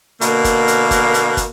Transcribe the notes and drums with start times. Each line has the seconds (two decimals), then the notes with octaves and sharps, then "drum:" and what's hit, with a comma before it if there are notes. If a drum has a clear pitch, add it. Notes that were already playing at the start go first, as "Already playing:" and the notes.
0.21 B2 D3 A#3, drum: hi-hat
0.44 drum: kick, hi-hat
0.68 drum: hi-hat
0.91 drum: kick, hi-hat
1.14 drum: hi-hat
1.37 drum: kick, hi-hat